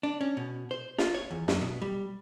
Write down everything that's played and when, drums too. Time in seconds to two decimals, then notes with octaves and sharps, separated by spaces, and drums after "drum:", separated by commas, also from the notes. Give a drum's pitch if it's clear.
0.03 D4
0.21 C#4
0.37 B2
0.71 C5
0.98 F4, drum: snare
1.14 C#5
1.31 E2
1.48 F#2, drum: snare
1.61 B2
1.82 G3